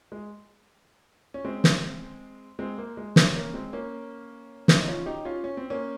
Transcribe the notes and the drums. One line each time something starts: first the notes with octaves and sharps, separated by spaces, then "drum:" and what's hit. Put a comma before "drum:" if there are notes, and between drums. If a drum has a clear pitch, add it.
G#3
C#4
G#3 C4
drum: snare
G#3 C4
A#3
G#3
drum: snare
A#3 C#4
G#3 C4
A#3 C#4
drum: snare
D#4
C#4 F4
D#4 G4
C#4 F4
C#4
C4
A#3 C#4